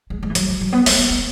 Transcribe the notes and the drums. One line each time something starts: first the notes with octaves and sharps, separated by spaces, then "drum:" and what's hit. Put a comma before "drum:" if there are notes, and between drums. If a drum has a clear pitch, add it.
G#3
G#3
E3
F#3, drum: hi-hat
F#3
F#3
B3
G#3, drum: open hi-hat
B3
B3